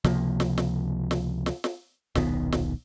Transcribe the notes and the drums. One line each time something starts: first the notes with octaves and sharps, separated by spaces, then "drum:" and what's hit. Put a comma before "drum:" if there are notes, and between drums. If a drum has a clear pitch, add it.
C#2 C3 F3 A#3, drum: snare
drum: snare
drum: snare
drum: snare
drum: snare
drum: snare
D#1 B1 D#3 B3, drum: snare
drum: snare